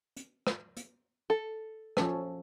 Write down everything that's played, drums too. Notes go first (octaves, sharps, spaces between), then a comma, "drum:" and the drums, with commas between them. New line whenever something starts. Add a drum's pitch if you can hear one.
drum: hi-hat
drum: rim click
drum: hi-hat
A4
F3 C#4 A4, drum: rim click